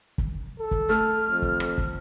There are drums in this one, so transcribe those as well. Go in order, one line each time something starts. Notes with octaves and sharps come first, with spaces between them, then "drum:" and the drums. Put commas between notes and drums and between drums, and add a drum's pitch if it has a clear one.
drum: kick
A4
drum: kick
A3 F6
F2
drum: kick
drum: rim click
drum: kick